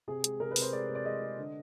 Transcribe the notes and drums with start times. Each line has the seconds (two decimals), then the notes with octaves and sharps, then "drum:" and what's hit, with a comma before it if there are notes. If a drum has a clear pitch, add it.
0.08 C3 G#4
0.24 G#3, drum: hi-hat
0.40 C3 A#4
0.51 B4
0.56 C3, drum: open hi-hat
0.62 C5
0.72 G#3 D5
0.89 C3
0.95 D5
1.05 G#3 D#5
1.21 G#3
1.37 D3